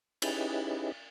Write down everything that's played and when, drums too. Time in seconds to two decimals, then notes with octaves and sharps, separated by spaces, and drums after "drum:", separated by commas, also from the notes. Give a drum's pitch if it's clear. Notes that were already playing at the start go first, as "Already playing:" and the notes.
0.22 C#4 D#4 E4 G4 G#4 B4, drum: cymbal